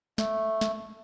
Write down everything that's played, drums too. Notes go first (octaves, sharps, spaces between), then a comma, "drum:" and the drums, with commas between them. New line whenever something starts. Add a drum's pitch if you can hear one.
A3, drum: snare
drum: snare